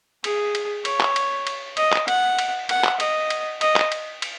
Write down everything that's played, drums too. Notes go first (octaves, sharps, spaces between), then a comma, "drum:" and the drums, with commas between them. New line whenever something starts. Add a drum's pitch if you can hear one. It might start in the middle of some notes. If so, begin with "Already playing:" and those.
G#4, drum: cymbal
drum: cymbal
C#5, drum: cymbal
drum: clap
drum: cymbal
drum: cymbal
D#5, drum: cymbal
drum: clap
F#5, drum: cymbal
drum: cymbal
F#5, drum: cymbal
drum: clap
D#5, drum: cymbal
drum: cymbal
D#5, drum: cymbal
drum: clap
drum: cymbal
drum: cymbal